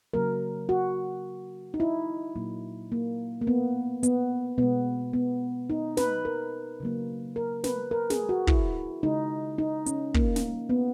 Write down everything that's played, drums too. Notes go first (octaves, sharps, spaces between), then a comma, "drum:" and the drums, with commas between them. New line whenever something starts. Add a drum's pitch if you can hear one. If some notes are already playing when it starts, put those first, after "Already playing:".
C#3 F#3 A#3 A#4
F#4
D#4
E4
A#2 F#3 A#3
A#3
A#3
B3
B3, drum: hi-hat
B2 G#3 B3
B3
D#4
B4, drum: snare
A#4
C#3 F#3 A#3
A#4
B4, drum: snare
A#4
G#4, drum: snare
F#4
E4, drum: kick
C#3 G#3 D#4
D#4
C#4, drum: hi-hat
A#3, drum: kick
drum: snare
B3